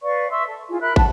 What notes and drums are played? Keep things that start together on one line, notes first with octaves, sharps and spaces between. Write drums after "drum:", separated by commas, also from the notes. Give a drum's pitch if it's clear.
B4 D5 F5 C#6
E5 C6 C#6 E6
A4
E4 F4 G#4
A#4 E5 B5 F#6
F#5 A5, drum: kick